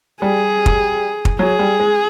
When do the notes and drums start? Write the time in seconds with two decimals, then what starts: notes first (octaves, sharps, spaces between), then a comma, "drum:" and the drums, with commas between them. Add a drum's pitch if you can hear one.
0.22 G3 G#4
0.66 drum: kick
1.25 drum: kick
1.39 F#3 G#4
1.59 G3
1.80 G#3